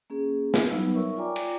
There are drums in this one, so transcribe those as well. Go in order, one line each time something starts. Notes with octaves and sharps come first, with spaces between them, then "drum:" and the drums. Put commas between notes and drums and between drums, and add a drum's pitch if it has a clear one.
A#3 C#4 G#4
drum: snare
F#3 G3 B3 D#4 B4 E6
A#4 C#5 E5 C#6
F4 D5 G5 G#5 A#5 D6
drum: cymbal